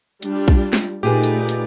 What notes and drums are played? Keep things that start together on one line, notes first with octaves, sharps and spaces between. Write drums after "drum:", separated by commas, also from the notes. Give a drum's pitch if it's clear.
G3 D4 F4, drum: hi-hat
drum: kick A#1
drum: snare
A#2 A3 D#4 G4 G#4 B4 D5
drum: hi-hat
drum: hi-hat